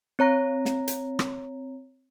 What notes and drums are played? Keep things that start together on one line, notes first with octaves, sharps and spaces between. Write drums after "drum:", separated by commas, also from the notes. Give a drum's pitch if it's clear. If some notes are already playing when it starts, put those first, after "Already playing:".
C4 C#5 A#5 A#6
drum: snare
drum: hi-hat
drum: rim click